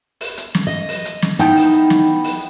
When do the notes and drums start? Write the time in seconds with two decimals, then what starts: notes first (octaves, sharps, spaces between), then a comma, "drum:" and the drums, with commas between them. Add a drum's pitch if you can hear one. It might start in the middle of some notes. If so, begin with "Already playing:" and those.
0.21 drum: open hi-hat
0.38 drum: hi-hat
0.55 drum: snare
0.67 D#5
0.88 drum: open hi-hat
1.05 drum: hi-hat
1.22 drum: snare
1.39 B3 D#4 E4 G5, drum: hi-hat
1.56 drum: open hi-hat
1.90 drum: snare
2.24 drum: open hi-hat